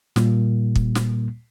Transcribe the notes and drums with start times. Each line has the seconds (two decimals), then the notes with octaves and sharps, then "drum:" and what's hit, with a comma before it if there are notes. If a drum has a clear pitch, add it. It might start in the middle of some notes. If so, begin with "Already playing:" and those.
0.16 A#2 G3 A#3, drum: snare
0.75 drum: kick
0.95 drum: snare